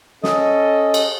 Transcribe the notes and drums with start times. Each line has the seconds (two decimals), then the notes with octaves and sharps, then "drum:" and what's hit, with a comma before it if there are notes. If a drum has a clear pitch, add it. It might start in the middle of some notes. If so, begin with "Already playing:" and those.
0.23 C#4 A4 D#5, drum: snare
0.94 drum: cymbal